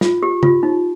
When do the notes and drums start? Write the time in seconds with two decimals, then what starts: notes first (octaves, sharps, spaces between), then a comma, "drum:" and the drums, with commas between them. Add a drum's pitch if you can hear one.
0.01 F4, drum: snare
0.23 G4
0.43 F4, drum: tom C#3
0.63 D#4